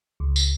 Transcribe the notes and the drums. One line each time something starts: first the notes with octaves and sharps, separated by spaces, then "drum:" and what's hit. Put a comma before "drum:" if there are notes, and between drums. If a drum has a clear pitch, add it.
C#2
drum: tambourine